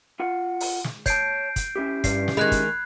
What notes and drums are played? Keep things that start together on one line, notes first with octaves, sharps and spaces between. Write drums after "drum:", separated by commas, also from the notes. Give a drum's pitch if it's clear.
F4 F#5
drum: open hi-hat
drum: snare
C#5 A5 G6 C7 D7, drum: kick, hi-hat
drum: kick, hi-hat
C#4 E4 G4
G2 C7, drum: kick, hi-hat
drum: snare
D#3 G#3 B5 F#6 G#6
drum: kick, hi-hat